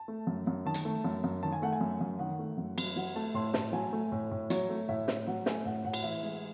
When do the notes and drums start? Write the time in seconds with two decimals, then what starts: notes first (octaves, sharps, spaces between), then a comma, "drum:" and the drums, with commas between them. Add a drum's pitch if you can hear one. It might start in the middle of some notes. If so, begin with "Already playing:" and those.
Already playing: A5
0.08 A3
0.27 F#2
0.47 F#2
0.65 D#3 A5
0.74 drum: hi-hat
0.85 A3
1.05 F#2
1.24 F#2
1.43 D#3 A5
1.52 G#5
1.62 A3 F#5
1.73 G#5
1.81 F#2
2.01 F#2
2.19 D#3 F#5
2.39 A3
2.58 F#2
2.78 F#2, drum: cymbal
2.96 F#3 F#5
3.16 A3 A5
3.34 A2 C6
3.54 A2 A5, drum: snare
3.73 F#3 G#5
3.93 A3
4.12 A2
4.31 A2
4.50 F#3 C#5, drum: hi-hat
4.70 A3
4.88 A2 E5
5.08 A2, drum: snare
5.27 F#3 F#5
5.46 A3 G#5, drum: snare
5.65 A2 F#5
5.84 A2 F#5
5.93 drum: cymbal
6.04 E3 E5
6.23 G#3